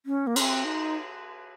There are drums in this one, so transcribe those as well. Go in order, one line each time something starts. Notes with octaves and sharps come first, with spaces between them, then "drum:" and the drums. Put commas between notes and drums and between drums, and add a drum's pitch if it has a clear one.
C#4
A#3
C#4, drum: cymbal
C4
D#4